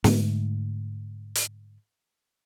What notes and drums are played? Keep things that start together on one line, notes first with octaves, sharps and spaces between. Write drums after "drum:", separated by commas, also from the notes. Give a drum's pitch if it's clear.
G#2 D3 G#3 A3, drum: snare
drum: hi-hat